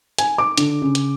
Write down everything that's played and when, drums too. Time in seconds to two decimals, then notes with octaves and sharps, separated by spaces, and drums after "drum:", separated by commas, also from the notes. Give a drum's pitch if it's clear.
0.18 G#5, drum: hi-hat
0.38 D6
0.58 D3, drum: hi-hat
0.82 C#3
0.95 drum: hi-hat